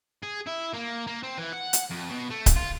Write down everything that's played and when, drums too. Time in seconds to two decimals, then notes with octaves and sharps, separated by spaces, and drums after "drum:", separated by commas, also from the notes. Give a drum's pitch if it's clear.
0.23 G#4
0.46 E4
0.74 A#3
1.07 A#3
1.23 C4
1.38 E3
1.52 F#5
1.73 drum: hi-hat
1.90 F2
2.10 B2
2.30 A3
2.46 drum: kick D1, hi-hat
2.56 F4